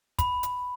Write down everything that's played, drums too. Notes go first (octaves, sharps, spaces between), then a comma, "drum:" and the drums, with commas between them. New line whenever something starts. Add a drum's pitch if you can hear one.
B5, drum: kick, hi-hat
drum: hi-hat